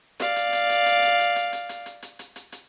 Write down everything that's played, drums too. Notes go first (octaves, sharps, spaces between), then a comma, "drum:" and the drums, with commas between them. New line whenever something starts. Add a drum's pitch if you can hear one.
D5 F5, drum: hi-hat
drum: hi-hat
drum: hi-hat
drum: hi-hat
drum: hi-hat
drum: hi-hat
drum: hi-hat
drum: hi-hat
drum: hi-hat
drum: hi-hat
drum: hi-hat
drum: hi-hat
drum: hi-hat
drum: hi-hat
drum: hi-hat